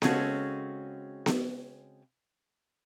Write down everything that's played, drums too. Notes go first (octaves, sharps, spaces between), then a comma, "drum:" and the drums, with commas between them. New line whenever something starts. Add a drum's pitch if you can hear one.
C#3 G#3 C4 C#4 F#4 A4, drum: snare B3
drum: snare B3